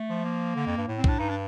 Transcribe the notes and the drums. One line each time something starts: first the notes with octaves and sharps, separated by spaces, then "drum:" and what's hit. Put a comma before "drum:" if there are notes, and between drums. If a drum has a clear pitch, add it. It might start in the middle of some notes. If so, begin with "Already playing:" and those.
Already playing: A3
F3
A#3
D3
F2
G2
A2
C4
A2 D4, drum: kick B1
G2 D#4
D4